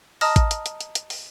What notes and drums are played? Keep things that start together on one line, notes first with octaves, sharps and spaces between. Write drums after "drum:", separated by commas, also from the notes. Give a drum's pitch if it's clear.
D#5 A5 A#5 D#6 F6 A#6, drum: open hi-hat
drum: kick A1, hi-hat
drum: hi-hat
drum: hi-hat
drum: hi-hat
drum: hi-hat
drum: open hi-hat